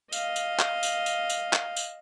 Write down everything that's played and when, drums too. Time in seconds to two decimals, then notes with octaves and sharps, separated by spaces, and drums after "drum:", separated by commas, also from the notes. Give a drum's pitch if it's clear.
0.12 D#5 F5, drum: tambourine
0.36 drum: tambourine
0.59 drum: clap
0.83 drum: tambourine
1.06 drum: tambourine
1.30 drum: tambourine
1.53 drum: clap
1.76 drum: tambourine